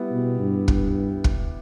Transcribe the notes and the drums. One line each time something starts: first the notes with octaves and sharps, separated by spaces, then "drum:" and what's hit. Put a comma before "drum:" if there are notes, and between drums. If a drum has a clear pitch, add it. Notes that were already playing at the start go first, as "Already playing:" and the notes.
Already playing: G3 B3 E4 G4
B2
G2
drum: kick
drum: kick